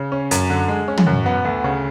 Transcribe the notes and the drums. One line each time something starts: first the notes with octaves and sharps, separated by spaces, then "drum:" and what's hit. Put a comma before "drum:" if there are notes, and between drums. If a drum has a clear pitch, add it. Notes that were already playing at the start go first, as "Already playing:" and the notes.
Already playing: C#3
C#4
F#2, drum: hi-hat
D3
G#3
C#4
drum: tom
F#2
B3
D2
C#3